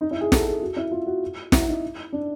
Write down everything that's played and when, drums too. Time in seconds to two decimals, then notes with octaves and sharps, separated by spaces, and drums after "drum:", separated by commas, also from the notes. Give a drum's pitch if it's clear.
0.01 D#4
0.11 E4
0.21 G#4
0.32 A4, drum: snare
0.46 G#4
0.62 F#4
0.76 E4
0.91 F4
1.06 F#4
1.52 E4, drum: snare
1.68 D#4
2.13 D4